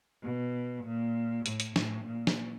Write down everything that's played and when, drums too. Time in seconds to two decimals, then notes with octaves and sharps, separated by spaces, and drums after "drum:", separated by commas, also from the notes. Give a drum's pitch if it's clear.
0.23 B2
0.84 A#2
1.46 A2, drum: hi-hat
1.60 drum: hi-hat
1.76 A2, drum: snare
2.06 A#2
2.27 drum: snare